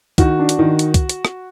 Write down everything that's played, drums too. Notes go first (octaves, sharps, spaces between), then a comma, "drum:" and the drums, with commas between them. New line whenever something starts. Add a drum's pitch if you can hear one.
D#3 F#4, drum: kick, hi-hat
D4
drum: hi-hat
D#3
drum: hi-hat
drum: kick, hi-hat
drum: hi-hat
drum: rim click